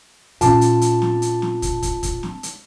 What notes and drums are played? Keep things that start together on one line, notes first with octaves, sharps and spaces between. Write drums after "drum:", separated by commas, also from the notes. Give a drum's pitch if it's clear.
A#2 C#4 F4 A5 D6, drum: hi-hat
drum: hi-hat
drum: hi-hat
drum: snare
drum: hi-hat
drum: snare
drum: kick, hi-hat
drum: kick, hi-hat
drum: kick, hi-hat
drum: snare
drum: hi-hat